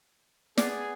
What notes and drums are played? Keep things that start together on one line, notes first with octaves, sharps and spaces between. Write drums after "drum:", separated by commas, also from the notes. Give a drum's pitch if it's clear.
B3 G#4 D5, drum: snare